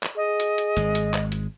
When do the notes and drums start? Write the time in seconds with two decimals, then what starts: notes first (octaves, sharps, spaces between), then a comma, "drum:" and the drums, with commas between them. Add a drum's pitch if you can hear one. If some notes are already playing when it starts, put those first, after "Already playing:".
0.03 drum: clap
0.17 G#4 D#5
0.40 drum: hi-hat
0.58 drum: hi-hat
0.77 G#1 G#3, drum: hi-hat
0.95 drum: hi-hat
1.13 drum: clap
1.32 drum: hi-hat